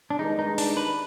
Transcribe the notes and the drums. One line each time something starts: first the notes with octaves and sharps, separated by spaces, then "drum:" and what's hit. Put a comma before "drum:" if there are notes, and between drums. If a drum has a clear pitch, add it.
D4
G2 D#3 G#3 D#4
D#4
D4, drum: open hi-hat
B4